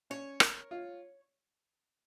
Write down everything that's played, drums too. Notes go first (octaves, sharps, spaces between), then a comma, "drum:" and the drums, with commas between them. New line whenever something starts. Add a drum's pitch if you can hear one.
C#4 C#5
A#4, drum: rim click
F4